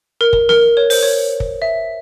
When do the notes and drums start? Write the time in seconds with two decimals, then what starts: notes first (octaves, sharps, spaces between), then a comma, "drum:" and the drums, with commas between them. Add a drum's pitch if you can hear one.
0.21 A#4
0.33 drum: kick
0.49 A#4, drum: snare
0.77 C#5
0.90 C5, drum: open hi-hat
1.03 C#5
1.40 drum: kick
1.62 E5